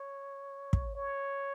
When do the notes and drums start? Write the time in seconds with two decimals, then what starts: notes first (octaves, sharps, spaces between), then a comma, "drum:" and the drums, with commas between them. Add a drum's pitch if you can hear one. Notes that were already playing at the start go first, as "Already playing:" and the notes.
Already playing: C#5
0.73 drum: kick
0.95 C#5